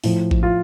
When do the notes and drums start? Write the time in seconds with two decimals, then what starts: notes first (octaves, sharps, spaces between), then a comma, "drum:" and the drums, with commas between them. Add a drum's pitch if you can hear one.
0.04 A2 F3, drum: open hi-hat
0.31 drum: kick A1
0.43 F4